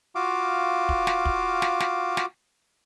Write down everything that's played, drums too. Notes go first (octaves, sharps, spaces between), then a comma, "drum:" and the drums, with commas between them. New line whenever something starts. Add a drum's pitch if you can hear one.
F4 F#4 F5 D6
drum: kick
drum: snare
drum: kick
drum: snare
drum: snare
drum: snare